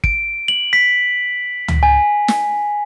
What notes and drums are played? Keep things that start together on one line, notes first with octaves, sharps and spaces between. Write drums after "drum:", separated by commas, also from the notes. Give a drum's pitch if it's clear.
D7, drum: kick
F#7
B6
drum: tom C#2
G#5
drum: snare